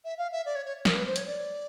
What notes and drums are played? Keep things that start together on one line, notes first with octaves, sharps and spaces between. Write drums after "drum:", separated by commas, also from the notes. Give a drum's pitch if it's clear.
E5
F5
E5
D5
C#5
C#5
A#4, drum: snare
B4
C5
C#5, drum: hi-hat
D5